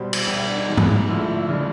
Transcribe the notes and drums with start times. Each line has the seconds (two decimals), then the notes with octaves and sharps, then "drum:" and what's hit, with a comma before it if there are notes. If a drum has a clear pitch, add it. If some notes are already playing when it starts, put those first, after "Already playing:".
Already playing: B2 G3 C5
0.13 drum: cymbal
0.27 B2 G3 G4
0.37 F#4
0.47 D4
0.57 D#4
0.68 B2 G#3 D#4
0.77 drum: tom G#2
1.08 D3 F3 A3 E4
1.49 C#3 F3 G#3 D4